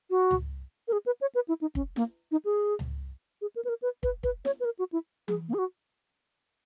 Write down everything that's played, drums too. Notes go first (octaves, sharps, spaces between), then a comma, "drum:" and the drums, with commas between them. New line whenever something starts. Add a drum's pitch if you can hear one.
F#4
drum: tom C#2
A#4
G#4
B4
C#5
B4
E4
D#4
C#4, drum: kick
A#3, drum: snare
D#4
G#4
drum: tom C#2
G#4
A#4
B4
A#4
B4
B4, drum: kick
B4, drum: kick
C#5, drum: snare
B4
A#4
F#4
E4
G#4, drum: tom E3
A#3
G#4
F#4